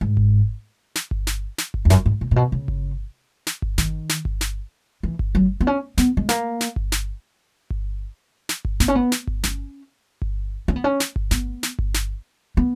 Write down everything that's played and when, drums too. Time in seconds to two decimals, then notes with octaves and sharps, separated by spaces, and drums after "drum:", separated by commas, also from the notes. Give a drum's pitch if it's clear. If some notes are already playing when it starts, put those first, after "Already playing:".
0.01 G#2
0.17 drum: kick G1
0.95 drum: snare
1.11 drum: kick G1
1.27 drum: snare
1.58 drum: snare
1.74 drum: kick G1
1.85 E2
1.90 F#2, drum: snare
2.06 G#2
2.21 A#2
2.31 A#2
2.36 B2
2.52 C#3
2.68 drum: kick G1
3.47 drum: snare
3.62 drum: kick G1
3.78 D#3, drum: snare
4.09 drum: snare
4.25 drum: kick G1
4.41 drum: snare
5.03 E3
5.19 drum: kick G1
5.35 F#3
5.61 B3
5.67 C#4
5.98 B3, drum: snare
6.17 G#3
6.29 A#3, drum: snare
6.61 drum: snare
6.76 drum: kick G1
6.92 drum: snare
7.70 drum: kick G1
8.49 drum: snare
8.65 drum: kick G1
8.80 B3, drum: snare
8.88 C#4
8.95 B3
9.12 drum: snare
9.27 drum: kick G1
9.43 C#4, drum: snare
10.22 drum: kick G1
10.68 C#4
10.76 B3
10.84 C#4
11.00 drum: snare
11.16 drum: kick G1
11.31 B3, drum: snare
11.63 drum: snare
11.79 drum: kick G1
11.94 drum: snare
12.57 B3